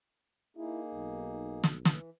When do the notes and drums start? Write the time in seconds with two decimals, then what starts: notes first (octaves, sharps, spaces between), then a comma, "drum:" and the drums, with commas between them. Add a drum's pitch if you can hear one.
0.57 A#3 D#4 E4 G#4
0.95 B1
1.64 drum: snare
1.85 E3, drum: snare